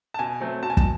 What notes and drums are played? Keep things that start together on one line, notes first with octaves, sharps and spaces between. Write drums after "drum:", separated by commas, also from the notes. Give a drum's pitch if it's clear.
A5
B2 G#5
F#3 A3 C4
B2 A5
G#5
A5, drum: kick